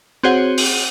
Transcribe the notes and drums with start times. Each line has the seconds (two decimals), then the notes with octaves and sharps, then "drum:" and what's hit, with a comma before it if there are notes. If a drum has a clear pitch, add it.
0.23 C4 F#4 G#4 C5 C#5 F#5
0.58 drum: open hi-hat